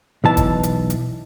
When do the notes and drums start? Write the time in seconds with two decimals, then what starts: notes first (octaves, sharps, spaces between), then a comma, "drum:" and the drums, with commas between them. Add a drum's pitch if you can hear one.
0.24 B1 E3 A5
0.37 drum: kick, hi-hat
0.63 drum: hi-hat
0.90 drum: hi-hat